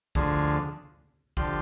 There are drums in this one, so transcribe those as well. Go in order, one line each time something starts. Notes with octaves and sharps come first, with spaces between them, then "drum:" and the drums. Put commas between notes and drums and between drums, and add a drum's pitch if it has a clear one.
D2 D3 F3 G#4, drum: kick
D3 F3 G4, drum: kick